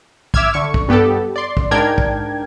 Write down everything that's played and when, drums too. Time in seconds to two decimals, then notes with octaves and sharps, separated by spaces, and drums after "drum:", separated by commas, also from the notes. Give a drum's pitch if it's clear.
0.34 E5 D6 E6 F6 G#6, drum: kick
0.54 D3 C#6
0.74 drum: kick
0.88 G2 B3 G4 A4
1.36 D5 C6
1.57 drum: kick
1.71 G#2 D4 A#4 G5 G#6
1.98 drum: kick